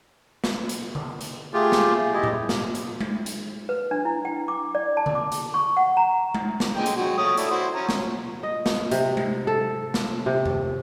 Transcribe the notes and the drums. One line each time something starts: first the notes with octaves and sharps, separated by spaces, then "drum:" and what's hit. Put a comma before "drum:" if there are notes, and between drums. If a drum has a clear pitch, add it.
drum: snare
drum: hi-hat
drum: tom D3
drum: hi-hat
A3 F4 G4 G#4
drum: snare
E4 G4 D#5
drum: tom A2
drum: snare
drum: hi-hat
drum: tom G#3
drum: hi-hat
B4
D4
E4
G5
D6
D5
A5
drum: tom D3
D6
drum: hi-hat
C#6
F#5
A#5
drum: tom G#3
drum: snare
D3 G#3 G5
drum: hi-hat
F#3 G#3 F#4
A3 C#5 D#6
A3 D4 E4, drum: hi-hat
E4 F#4 C5
C#4 A#5
drum: snare
D#5
drum: snare
C3, drum: hi-hat
drum: tom G#3
A4
drum: snare
C3
drum: tom F2